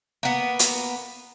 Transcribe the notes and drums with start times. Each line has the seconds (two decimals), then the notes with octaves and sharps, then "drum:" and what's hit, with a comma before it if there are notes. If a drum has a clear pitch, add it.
0.23 A#3 B3
0.59 drum: hi-hat